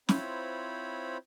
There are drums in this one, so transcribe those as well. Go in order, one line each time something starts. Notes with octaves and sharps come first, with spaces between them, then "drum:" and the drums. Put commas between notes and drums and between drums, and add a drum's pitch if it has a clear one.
C4 E4 F4 C5 C#5 B5, drum: snare